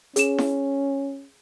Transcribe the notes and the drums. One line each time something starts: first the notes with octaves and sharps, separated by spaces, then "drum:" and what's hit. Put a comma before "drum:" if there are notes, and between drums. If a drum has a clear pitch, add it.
C#4 G#4 E7, drum: hi-hat
drum: snare E4